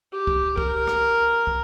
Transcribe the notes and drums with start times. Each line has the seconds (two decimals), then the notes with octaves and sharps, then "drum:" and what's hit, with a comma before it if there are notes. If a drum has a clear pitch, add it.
0.13 G4
0.27 drum: kick
0.57 A#4, drum: kick
0.87 drum: rim click
1.47 drum: kick